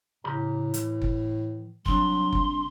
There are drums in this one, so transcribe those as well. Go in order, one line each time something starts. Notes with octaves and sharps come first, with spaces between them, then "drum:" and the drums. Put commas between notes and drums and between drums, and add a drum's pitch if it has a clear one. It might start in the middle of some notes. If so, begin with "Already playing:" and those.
A2 C#3 G4 A#5
E3, drum: hi-hat
drum: kick
C2 F#3 D4 C6, drum: kick
drum: kick